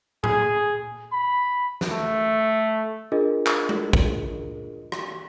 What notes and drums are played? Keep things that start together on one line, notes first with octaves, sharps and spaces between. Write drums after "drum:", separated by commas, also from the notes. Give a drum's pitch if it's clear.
G#4, drum: tom A2
B5
drum: snare
A3
D4 F4 G#4 A#4 D#5
drum: clap
drum: tom G#3
drum: kick
drum: rim click